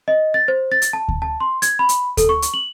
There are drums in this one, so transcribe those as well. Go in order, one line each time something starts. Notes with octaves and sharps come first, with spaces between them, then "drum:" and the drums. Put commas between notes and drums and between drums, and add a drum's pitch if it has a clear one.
D#5
A6
C5
A6
drum: hi-hat
A5
drum: kick D2
A5
C6
G#6, drum: hi-hat
B5
drum: hi-hat
A4, drum: kick D2, hi-hat
C#6
drum: hi-hat
F#7